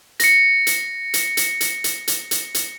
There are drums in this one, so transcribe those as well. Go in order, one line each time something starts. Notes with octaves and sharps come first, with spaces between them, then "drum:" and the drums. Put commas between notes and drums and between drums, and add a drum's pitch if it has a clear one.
A#6 C#7, drum: hi-hat
drum: hi-hat
drum: hi-hat
drum: hi-hat
drum: hi-hat
drum: hi-hat
drum: hi-hat
drum: hi-hat
drum: hi-hat